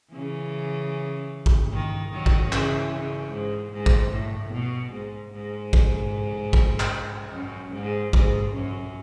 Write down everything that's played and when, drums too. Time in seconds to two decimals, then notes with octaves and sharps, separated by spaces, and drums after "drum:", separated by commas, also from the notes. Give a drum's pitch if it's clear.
0.13 C#3 E3
1.46 drum: kick
1.73 D#3
2.13 D#3 F#3
2.26 drum: kick
2.52 C#3 E3, drum: clap
2.93 C#3
3.33 G#2
3.73 G#2
3.86 drum: kick
4.13 A2
4.54 B2
4.93 G#2
5.33 G#2
5.73 drum: kick
6.53 drum: kick
6.80 drum: clap
7.33 F#2
7.73 G#2
8.13 G#2, drum: kick
8.54 F#2